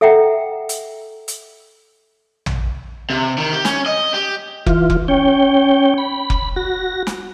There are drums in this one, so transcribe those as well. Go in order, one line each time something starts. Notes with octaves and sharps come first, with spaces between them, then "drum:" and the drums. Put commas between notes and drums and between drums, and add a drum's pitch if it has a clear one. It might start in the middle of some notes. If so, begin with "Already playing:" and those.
A4 E5 F#5 G5 A#5
drum: hi-hat
drum: hi-hat
drum: tom
C3
D#3
G4
C#4, drum: snare
D#5
G4
E3 F4, drum: kick F1
drum: kick F1
C#4 C#5 G5
B5
drum: kick F1
F#4 A#6
drum: snare